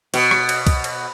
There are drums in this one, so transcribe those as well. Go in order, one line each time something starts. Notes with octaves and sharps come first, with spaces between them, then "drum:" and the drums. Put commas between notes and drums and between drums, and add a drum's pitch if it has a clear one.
B2, drum: cymbal
drum: rim click
drum: cymbal
drum: kick C2, cymbal
drum: cymbal